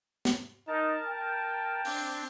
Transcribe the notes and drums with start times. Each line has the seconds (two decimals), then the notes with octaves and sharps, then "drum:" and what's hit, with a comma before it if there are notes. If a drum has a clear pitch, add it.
0.25 drum: snare
0.68 D#4 A#4 A5
1.07 G5
1.85 C4 D4, drum: open hi-hat